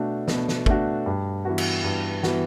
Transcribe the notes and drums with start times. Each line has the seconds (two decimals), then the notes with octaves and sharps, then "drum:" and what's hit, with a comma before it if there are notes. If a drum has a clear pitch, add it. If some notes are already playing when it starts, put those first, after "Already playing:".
Already playing: B2 A3 D4 F#4
0.28 B2, drum: snare
0.48 drum: snare
0.66 A3 D4 F#4, drum: kick
1.06 G2
1.45 E3 B3 F#4
1.58 drum: cymbal
1.84 G2
2.23 E3 B3 F#4, drum: snare